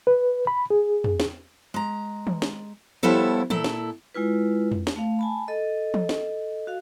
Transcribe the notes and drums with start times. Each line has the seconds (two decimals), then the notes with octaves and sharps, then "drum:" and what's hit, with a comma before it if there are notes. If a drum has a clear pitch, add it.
0.07 B4
0.47 B5
0.70 G#4
1.04 drum: tom
1.20 drum: snare
1.74 G#3 A#5
2.27 drum: tom
2.42 drum: snare
3.03 F3 G3 B3 E4 A4 C#5
3.50 A#2 E4 A4, drum: tom
3.64 drum: snare
4.15 G#3 E4 F4 B4
4.72 drum: tom
4.87 drum: snare
4.96 A3 F5
5.19 G#5 A5 B5
5.48 A4 D#5
5.94 drum: tom
6.09 drum: snare
6.67 F#4 F5